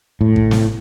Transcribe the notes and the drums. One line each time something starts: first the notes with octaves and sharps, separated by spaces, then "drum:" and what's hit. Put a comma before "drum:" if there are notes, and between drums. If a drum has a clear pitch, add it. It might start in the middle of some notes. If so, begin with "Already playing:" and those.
A2
drum: kick
drum: snare